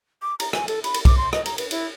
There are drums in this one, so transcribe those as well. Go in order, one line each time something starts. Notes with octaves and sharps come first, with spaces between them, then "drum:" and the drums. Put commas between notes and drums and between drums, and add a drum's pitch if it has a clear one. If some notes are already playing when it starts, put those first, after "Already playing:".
D6
A#5, drum: cymbal
G#5, drum: rim click
A4, drum: cymbal
B5, drum: cymbal
drum: cymbal
D6, drum: kick, cymbal
C6
D#5, drum: rim click
A#5, drum: cymbal
B4, drum: cymbal
E4, drum: cymbal